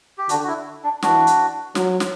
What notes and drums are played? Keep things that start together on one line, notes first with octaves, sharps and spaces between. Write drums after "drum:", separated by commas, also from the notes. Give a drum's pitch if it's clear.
G4
D3 D4 F#4, drum: hi-hat
F#4
E4
D4
E3 D4 F#4, drum: snare
drum: hi-hat
F#3, drum: snare
drum: snare